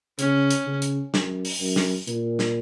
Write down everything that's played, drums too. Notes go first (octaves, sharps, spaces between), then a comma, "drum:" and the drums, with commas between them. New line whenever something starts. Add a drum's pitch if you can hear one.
C#3 C#4, drum: hi-hat
drum: hi-hat
C#3
drum: hi-hat
F#2, drum: snare
drum: open hi-hat
F#2
drum: snare
A#2, drum: hi-hat
drum: snare